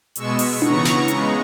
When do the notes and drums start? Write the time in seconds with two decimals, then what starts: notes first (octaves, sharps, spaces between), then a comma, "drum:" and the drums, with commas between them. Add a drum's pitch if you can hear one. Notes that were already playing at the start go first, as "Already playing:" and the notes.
0.16 B2 G#3 B3 C#6 E6, drum: hi-hat
0.39 drum: open hi-hat
0.62 C#3 E3 B3 A#5 C#6, drum: tom D4
0.85 drum: snare
1.08 C#3 G#3 B3, drum: hi-hat